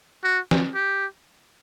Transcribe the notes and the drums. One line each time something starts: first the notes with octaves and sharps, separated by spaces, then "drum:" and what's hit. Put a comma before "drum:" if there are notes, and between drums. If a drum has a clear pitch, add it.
F#4
drum: snare
G4